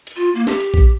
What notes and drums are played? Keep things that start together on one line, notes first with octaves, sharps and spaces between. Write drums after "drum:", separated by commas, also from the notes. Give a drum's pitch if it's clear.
drum: hi-hat
F4
A#3
G4, drum: snare
drum: hi-hat
drum: kick A#1